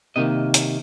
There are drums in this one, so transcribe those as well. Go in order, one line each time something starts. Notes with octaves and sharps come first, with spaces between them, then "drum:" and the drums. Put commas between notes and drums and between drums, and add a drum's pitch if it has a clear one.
C3 D#3 A#3 D#5
drum: hi-hat